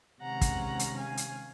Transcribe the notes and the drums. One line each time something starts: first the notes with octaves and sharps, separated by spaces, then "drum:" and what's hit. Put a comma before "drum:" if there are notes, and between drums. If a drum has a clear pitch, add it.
C3 D#3 G#3 C#4 F#5 A#5
drum: kick, hi-hat
drum: hi-hat
F5 G#5
drum: hi-hat